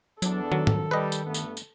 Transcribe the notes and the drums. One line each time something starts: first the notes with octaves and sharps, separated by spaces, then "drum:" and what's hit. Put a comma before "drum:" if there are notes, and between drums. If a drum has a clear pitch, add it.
E2 F#3 B3 D4 A4, drum: tambourine
D#3 F#3
drum: tom
G3 B4 D#5
drum: tambourine
G2 A3 B3
drum: tambourine
drum: tambourine